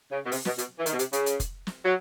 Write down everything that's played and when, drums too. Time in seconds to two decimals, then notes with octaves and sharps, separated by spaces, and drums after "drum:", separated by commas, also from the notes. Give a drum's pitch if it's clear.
0.12 C#3
0.26 B2
0.32 C3, drum: open hi-hat
0.45 B2, drum: snare
0.58 B2, drum: hi-hat
0.79 E3
0.86 D#3, drum: hi-hat
0.93 B2
0.99 C3, drum: hi-hat
1.13 C#3, drum: hi-hat
1.26 drum: hi-hat
1.40 drum: kick F1, hi-hat
1.67 drum: snare
1.85 F#3